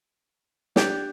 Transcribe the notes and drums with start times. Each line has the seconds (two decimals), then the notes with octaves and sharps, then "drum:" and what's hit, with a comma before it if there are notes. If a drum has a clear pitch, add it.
0.76 D4 G4 D5, drum: snare